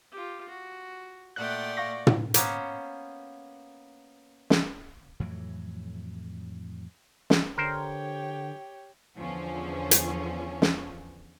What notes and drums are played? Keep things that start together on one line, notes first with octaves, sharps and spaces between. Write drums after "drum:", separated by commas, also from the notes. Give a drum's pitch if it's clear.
F4 G4
F#4
A#2 A3 D5 F#5 G5 C6 F#6
F5 C#6 A#6
drum: tom
A#3 B3 C#4 C5, drum: hi-hat
drum: snare
F2 A2 E3 F#3
drum: snare
D3 G4 A#4 C5 C#5 G5
E2 D3 F3 C#4
drum: hi-hat
drum: snare